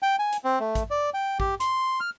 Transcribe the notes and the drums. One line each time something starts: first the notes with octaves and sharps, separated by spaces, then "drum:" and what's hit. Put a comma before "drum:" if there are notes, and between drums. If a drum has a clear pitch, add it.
G5
G#5
drum: hi-hat
C4
A3
drum: kick, hi-hat
D5
G5
G4, drum: kick
C6, drum: hi-hat
F6